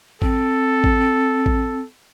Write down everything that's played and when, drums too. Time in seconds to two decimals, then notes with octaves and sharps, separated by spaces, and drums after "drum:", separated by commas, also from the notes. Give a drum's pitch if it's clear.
0.22 C4 A4, drum: kick A1
0.84 drum: kick A1
1.46 drum: kick A1